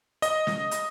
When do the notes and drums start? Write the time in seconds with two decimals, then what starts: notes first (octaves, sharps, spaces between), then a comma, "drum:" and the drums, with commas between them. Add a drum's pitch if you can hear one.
0.22 D#5, drum: hi-hat
0.47 drum: snare
0.71 drum: hi-hat